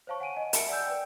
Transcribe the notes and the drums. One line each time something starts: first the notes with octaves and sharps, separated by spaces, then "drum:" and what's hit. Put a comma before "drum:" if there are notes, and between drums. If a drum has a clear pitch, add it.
C5 C#5 F5 A5 C#6
F#5 G#5 D7 D#7
D#5 F#5 G#5
A#4 E5 A5 C#7 D7, drum: hi-hat
D5 F#5 G#5 E6 G6
B4 D5 G5